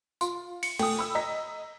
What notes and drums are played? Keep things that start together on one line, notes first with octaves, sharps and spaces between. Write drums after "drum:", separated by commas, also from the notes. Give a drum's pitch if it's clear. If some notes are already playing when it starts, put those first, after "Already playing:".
F4 C6, drum: tambourine
C#7, drum: cymbal
A3 G5 G#5 D#6, drum: cymbal
B5 E6
D#5 A#5 B6